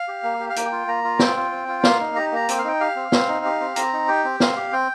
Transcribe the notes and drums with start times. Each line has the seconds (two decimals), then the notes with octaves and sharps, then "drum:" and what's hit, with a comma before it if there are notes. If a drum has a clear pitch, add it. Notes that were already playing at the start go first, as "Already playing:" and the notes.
Already playing: F5
0.08 G4
0.23 A#3
0.40 G4
0.49 F5
0.56 A#3 G5, drum: hi-hat
0.72 F4
0.87 A#3 A#5
1.04 F4
1.19 C4 G5, drum: snare
1.37 F4
1.51 C4
1.68 F4
1.83 A#3 F5, drum: snare
2.00 D#4
2.16 G4 A#5
2.32 A#3 A#5
2.49 C4 G5, drum: hi-hat
2.58 F5
2.64 D#4 G5
2.80 G4 F5
2.96 C4
3.12 C4, drum: snare
3.28 D#4
3.45 G4
3.61 C4
3.76 C4 A#5, drum: hi-hat
3.93 D#4
4.08 G4 G5
4.25 C4
4.40 C4 F5, drum: snare
4.57 G4
4.72 C4 G5